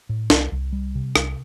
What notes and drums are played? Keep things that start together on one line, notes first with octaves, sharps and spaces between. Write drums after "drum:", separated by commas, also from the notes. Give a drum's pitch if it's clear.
A2
C2, drum: snare
C2
G3
C3
C2, drum: rim click